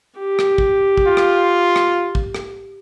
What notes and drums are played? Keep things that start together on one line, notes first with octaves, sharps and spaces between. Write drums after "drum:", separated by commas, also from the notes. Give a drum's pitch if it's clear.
G4
drum: rim click
drum: kick
drum: kick
F4
drum: rim click
drum: rim click
drum: kick
drum: rim click